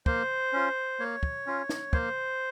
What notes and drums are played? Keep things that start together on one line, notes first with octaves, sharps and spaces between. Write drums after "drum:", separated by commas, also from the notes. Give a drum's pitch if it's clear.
A#3 C5, drum: kick
C#4 F4
A#3 C#5
drum: kick
C#4 F4
drum: snare
A#3 C5, drum: kick